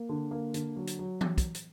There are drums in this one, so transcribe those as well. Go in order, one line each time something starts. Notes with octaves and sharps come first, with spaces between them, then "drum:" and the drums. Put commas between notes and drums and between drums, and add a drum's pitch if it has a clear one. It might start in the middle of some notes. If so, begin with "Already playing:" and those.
Already playing: A#3
D3
A#3
D3, drum: hi-hat
F#3
drum: hi-hat
F#3
drum: tom E3
drum: kick, hi-hat
drum: hi-hat